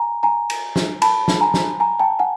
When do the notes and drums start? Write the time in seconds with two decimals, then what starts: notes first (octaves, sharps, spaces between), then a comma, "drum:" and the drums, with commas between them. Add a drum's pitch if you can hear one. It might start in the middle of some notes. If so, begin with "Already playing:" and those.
Already playing: G#5 A#5
0.23 G#5 A#5
0.50 drum: cymbal
0.76 drum: snare
1.02 A5 B5, drum: cymbal
1.28 drum: snare
1.41 G#5 A#5
1.54 drum: snare
1.80 G#5 A#5
2.00 G5 A5
2.19 F#5 G#5